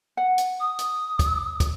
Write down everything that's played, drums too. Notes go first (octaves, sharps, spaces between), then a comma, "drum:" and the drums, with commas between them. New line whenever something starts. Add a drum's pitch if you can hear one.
F#5
drum: hi-hat
D#6
drum: hi-hat
drum: kick, hi-hat
drum: kick, hi-hat